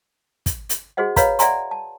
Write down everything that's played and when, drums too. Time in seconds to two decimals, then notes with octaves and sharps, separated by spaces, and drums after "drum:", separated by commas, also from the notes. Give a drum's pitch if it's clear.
0.46 drum: kick, hi-hat
0.69 drum: hi-hat
0.97 F#4 G#4 C5 D#5 F#5
1.16 B4 C#5 D#5 F5 A#5 B5, drum: kick, hi-hat
1.39 D5 E5 F#5 G#5 A#5 C6, drum: hi-hat
1.71 A5